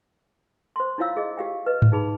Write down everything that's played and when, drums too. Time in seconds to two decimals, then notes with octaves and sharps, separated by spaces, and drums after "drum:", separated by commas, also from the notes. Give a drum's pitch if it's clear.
0.76 C5 C6
0.98 D4 E4 F4 C#5 F5 E6
1.17 G#4 D#5
1.37 G4 F5 G5
1.66 B4 D#5
1.82 drum: tom G#2
1.92 D#4 G#4 B5